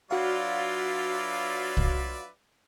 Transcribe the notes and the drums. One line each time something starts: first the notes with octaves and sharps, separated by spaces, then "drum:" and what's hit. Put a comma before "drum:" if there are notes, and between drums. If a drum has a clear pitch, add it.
F#3 D4 F4 F#4 B4 D5 E5 F5
drum: kick